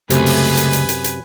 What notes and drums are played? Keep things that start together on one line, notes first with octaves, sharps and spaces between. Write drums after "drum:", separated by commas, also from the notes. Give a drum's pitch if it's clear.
C#2 F#2 C3 A3 B4 G#5, drum: hi-hat
drum: open hi-hat
drum: hi-hat
drum: hi-hat
drum: hi-hat
drum: hi-hat